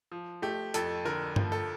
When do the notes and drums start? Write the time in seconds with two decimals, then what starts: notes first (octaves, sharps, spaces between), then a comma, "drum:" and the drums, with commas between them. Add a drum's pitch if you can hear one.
0.12 F3
0.42 A3 G4
0.74 F2 A4, drum: hi-hat
1.05 D3 A#4
1.36 F3, drum: tom G2
1.52 A4